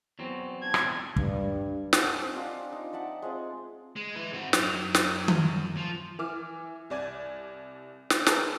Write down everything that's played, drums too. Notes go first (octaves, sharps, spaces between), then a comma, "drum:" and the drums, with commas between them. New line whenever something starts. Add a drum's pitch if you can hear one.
E2 F#3 C4
A5 G#6
drum: rim click
G2, drum: kick
B4 F#5 G#5 A5, drum: snare
C4 D#5
D4 F4 G4
D#4
D5 E5 F#5 A5
G#3 C4 F4
G#3
E4 B4
C4 F#4
F#2 F#3, drum: snare
drum: snare
drum: tom D#3
F3
E3 D6 F6
C2 D5 G#5 G#6
drum: snare
G#4 A#4 B4 A5 A#5, drum: snare